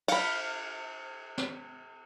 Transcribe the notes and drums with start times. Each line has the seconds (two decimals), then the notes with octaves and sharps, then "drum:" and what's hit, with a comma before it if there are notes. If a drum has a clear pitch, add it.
0.08 F5 B5, drum: cymbal
1.38 drum: snare